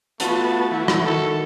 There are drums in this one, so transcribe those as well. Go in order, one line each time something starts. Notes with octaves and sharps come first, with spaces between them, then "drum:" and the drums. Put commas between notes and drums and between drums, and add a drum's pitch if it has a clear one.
A3 B3 F4 F#4 A5, drum: hi-hat
E3 F#4
drum: rim click
D#3 A4